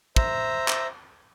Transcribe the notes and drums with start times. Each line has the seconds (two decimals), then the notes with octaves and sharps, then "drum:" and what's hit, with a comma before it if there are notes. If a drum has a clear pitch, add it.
0.16 C5 E5 A#5, drum: kick
0.68 drum: clap